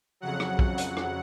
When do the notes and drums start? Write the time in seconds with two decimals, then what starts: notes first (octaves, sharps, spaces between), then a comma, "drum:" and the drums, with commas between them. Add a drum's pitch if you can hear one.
0.20 F2 C#3 F#3 F#5
0.40 drum: rim click
0.59 drum: kick
0.78 drum: hi-hat
0.97 drum: rim click